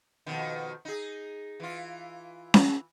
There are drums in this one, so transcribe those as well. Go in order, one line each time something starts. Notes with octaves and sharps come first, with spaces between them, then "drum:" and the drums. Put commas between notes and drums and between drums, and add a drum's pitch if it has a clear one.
F2 B2 D#3
D#4 G#4
E3 F4
drum: snare C#4